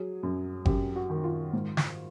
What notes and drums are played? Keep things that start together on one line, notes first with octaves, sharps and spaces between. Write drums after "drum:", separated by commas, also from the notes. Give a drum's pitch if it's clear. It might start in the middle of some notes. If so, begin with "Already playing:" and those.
Already playing: F#3 G#4
F#2
F#2 G4, drum: kick G1
F#4
D#3
F4
G#2
drum: snare